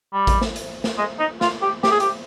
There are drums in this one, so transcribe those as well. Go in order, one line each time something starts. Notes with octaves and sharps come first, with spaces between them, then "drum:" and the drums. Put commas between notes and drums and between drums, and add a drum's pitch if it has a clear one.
G3
drum: kick A1, hi-hat
drum: snare
drum: hi-hat
drum: snare
G#3
D#4
F4, drum: snare
G4
G4, drum: snare
G#4
G4, drum: hi-hat